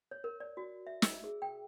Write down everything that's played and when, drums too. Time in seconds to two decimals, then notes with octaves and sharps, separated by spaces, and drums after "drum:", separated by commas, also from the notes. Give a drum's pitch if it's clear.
0.11 C#5
0.24 A#4
0.40 D5
0.57 F#4
0.87 E5
1.02 E6, drum: snare
1.24 G#4
1.42 G5